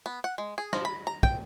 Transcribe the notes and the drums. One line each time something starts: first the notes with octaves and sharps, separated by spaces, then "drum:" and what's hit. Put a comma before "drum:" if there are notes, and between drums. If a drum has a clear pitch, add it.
B3
F#5
G#3
G#4
F3, drum: rim click
B5
A#5
G5, drum: kick